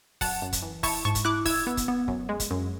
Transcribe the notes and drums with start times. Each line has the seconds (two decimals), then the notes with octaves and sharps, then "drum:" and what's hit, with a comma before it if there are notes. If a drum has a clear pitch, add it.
0.21 F#2 F#5 A5, drum: kick F1, open hi-hat
0.42 F#2
0.53 drum: kick F1, hi-hat
0.62 E3
0.83 E4 A5 C#6, drum: kick F1, open hi-hat
1.05 G#2 A5 C#6
1.15 drum: kick F1, hi-hat
1.25 E4 D6 F#6
1.45 E4 E6 G#6, drum: kick F1, open hi-hat
1.67 B3
1.77 drum: kick F1, hi-hat
1.88 B3
2.08 F#2, drum: kick F1
2.29 G#3
2.40 drum: kick F1, hi-hat
2.51 F#2